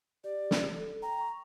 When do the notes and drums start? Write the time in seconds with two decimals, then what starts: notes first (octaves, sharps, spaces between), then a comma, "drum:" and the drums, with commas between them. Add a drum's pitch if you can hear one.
0.24 G4 D5
0.51 drum: snare
0.70 A4
1.02 G5 A#5
1.21 C#6